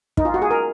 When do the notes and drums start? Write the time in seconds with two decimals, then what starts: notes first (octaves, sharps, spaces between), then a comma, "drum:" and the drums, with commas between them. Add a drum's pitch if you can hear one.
0.17 D#4, drum: kick
0.25 F4
0.34 F#4
0.42 G#4
0.51 A#4